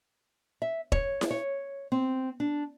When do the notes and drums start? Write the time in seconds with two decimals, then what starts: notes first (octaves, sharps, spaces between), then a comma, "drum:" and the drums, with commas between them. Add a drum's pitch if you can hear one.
0.62 E5
0.92 C#5, drum: kick E1
1.21 drum: snare E4
1.31 C#5
1.92 C4
2.40 D4